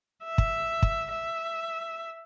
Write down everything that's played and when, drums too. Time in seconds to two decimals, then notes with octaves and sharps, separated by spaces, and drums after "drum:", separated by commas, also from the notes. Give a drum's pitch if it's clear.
0.24 E5
0.38 drum: kick
0.82 drum: kick
1.12 E5